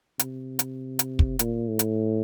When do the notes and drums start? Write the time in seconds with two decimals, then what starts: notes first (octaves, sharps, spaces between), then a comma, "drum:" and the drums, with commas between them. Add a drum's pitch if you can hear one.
0.19 C3, drum: hi-hat
0.59 drum: hi-hat
0.99 drum: hi-hat
1.19 drum: kick
1.39 A#2, drum: hi-hat
1.69 A2
1.79 drum: hi-hat